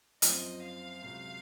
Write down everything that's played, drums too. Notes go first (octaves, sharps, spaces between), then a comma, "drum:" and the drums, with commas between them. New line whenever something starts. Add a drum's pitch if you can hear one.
F#2 F3 C4 D#5, drum: hi-hat
F5
C#2 C3 F#3 C4